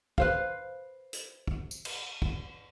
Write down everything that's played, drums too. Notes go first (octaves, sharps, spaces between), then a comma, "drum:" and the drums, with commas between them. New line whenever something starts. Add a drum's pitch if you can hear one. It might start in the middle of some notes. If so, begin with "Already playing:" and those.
B4 C5 F5, drum: kick
drum: hi-hat
drum: kick
drum: tambourine
drum: cymbal
drum: kick